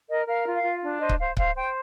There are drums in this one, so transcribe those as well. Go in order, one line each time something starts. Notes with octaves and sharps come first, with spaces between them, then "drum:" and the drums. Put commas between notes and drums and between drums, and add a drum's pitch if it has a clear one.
A#4 D#5
A#4 F5
F4
F5
F4
D4
C5 D#5
drum: kick C#1
C5 F5
C5 F5, drum: kick C#1
C5 G5